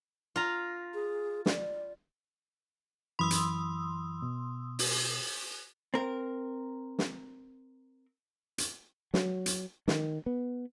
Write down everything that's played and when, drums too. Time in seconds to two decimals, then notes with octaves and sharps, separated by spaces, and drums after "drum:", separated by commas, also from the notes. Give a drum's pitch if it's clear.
0.36 F4 A#5
0.94 G#4
1.46 D5, drum: snare
3.19 F#2 E3 B5 C6 D#6 E6
3.31 drum: hi-hat
4.22 B2
4.79 drum: open hi-hat
5.94 C4 A#4
6.99 drum: snare
8.58 drum: hi-hat
9.14 F#3, drum: snare
9.46 drum: hi-hat
9.88 D#3, drum: snare
10.26 B3